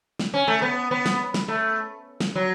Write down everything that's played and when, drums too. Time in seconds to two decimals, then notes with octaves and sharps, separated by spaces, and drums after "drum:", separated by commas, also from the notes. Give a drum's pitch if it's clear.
0.20 drum: snare
0.34 C#4
0.48 A3
0.62 B3
0.91 B3
1.06 drum: snare
1.34 drum: snare
1.48 A3
2.21 drum: snare
2.35 F#3